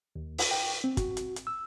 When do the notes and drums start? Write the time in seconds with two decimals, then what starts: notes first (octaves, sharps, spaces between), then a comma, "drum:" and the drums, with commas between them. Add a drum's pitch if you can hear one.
0.16 D#2
0.38 drum: open hi-hat
0.51 G5
0.84 C4
0.97 F#4, drum: kick, hi-hat
1.17 drum: hi-hat
1.36 drum: hi-hat
1.47 E6